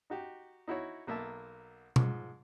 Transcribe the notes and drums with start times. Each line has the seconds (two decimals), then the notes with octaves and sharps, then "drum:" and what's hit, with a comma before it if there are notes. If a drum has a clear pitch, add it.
0.10 D#4 F#4 G4
0.68 D#4 E4 F#4 C#5
1.07 B1 A#3 E5 A5
1.96 G#2 F3, drum: tom B2